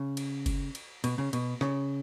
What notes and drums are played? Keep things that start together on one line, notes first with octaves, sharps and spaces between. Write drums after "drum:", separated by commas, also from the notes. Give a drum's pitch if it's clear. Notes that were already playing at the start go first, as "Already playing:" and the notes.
Already playing: C#3
drum: cymbal
drum: kick F#1, cymbal
drum: cymbal
B2, drum: cymbal
C#3
B2, drum: cymbal
C#3, drum: rim click